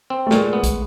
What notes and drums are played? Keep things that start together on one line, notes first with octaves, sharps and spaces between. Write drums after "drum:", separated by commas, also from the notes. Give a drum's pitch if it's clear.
C4
A3
A#2 G#3, drum: snare
B3
drum: kick A#1, hi-hat